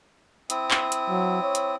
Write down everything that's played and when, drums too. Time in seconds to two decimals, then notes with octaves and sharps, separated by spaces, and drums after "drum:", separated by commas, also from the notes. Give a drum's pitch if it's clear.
0.50 C4 E4 D#6, drum: hi-hat
0.71 drum: clap
0.92 drum: hi-hat
1.09 F#3
1.42 C#5
1.55 drum: hi-hat